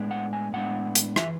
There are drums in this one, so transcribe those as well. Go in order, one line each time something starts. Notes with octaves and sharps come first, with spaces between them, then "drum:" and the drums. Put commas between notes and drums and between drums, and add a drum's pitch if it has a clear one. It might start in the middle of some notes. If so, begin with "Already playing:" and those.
Already playing: A2 G#3 B3 D4
F#5
G#5
A2 G#3 B3 D4 F#5
drum: hi-hat
E3 E5, drum: rim click